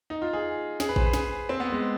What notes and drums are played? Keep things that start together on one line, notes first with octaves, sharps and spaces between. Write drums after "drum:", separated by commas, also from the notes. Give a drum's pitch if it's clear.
D#4
F4
G#4
G#4, drum: snare
B4
C5, drum: kick A1
B4
G#4, drum: snare
C4
B3
G#3